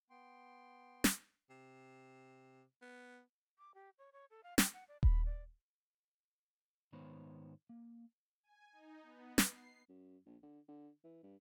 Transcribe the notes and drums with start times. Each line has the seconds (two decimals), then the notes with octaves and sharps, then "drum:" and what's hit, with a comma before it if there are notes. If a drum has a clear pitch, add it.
0.10 B3 G5 C6
1.04 drum: snare
1.50 C3
2.82 B3
3.59 D6
3.74 G4
3.98 C#5
4.13 C#5
4.30 A4
4.43 F5
4.58 G5, drum: snare
4.73 F#5
4.88 D5
5.03 B5, drum: kick D#1
5.25 D5
6.92 G#2 D#3 B3 C5 C#5 B5
7.69 A#3
8.43 G#5
8.73 D#4
9.03 B3
9.38 C7, drum: snare
9.89 F#2
10.26 A#1
10.43 D3
10.69 D3
11.04 E3
11.23 G2